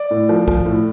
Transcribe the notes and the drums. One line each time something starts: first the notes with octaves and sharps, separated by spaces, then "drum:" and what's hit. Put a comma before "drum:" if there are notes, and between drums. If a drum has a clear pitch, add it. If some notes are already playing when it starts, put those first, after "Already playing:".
Already playing: D5
A2
F3
F3, drum: kick
A2